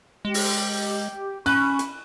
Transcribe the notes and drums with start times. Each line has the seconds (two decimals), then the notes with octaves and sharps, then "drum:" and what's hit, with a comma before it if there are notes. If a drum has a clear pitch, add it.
0.25 G#3 G4
0.34 drum: open hi-hat
1.46 C#4 B5 C#6 F#6, drum: cymbal
1.79 drum: hi-hat